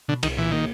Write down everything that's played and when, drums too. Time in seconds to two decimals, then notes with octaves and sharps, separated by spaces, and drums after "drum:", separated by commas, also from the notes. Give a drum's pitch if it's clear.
0.08 B2 D3
0.23 C2 D#3, drum: cymbal
0.37 A#2 E3
0.51 D#3 A#3